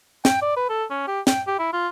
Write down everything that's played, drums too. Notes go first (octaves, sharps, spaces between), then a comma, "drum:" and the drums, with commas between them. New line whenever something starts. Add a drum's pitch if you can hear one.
G5, drum: snare
D5
B4
A4
C#4
G4
G5, drum: snare
G4
E4
F4